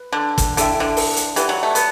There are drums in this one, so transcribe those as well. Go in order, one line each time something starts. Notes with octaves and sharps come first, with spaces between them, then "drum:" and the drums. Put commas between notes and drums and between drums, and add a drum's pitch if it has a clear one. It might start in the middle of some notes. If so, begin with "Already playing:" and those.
Already playing: B4
D3
drum: kick, hi-hat
D3 E4 A4 E5 G5, drum: hi-hat
D3
drum: open hi-hat
drum: hi-hat
E3 G4 D5 F#5, drum: hi-hat
F#3
A3
B3, drum: hi-hat